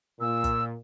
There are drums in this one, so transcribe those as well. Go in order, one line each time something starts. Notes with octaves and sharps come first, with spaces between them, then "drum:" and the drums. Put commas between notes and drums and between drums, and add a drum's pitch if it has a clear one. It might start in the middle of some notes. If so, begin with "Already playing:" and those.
A#2 E6
drum: kick, hi-hat